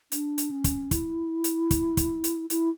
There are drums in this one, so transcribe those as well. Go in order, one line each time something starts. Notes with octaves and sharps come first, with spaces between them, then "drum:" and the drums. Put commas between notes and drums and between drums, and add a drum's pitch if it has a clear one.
D4, drum: hi-hat
drum: hi-hat
C#4
drum: kick, hi-hat
E4, drum: kick, hi-hat
drum: hi-hat
drum: kick, hi-hat
drum: kick, hi-hat
drum: hi-hat
E4, drum: hi-hat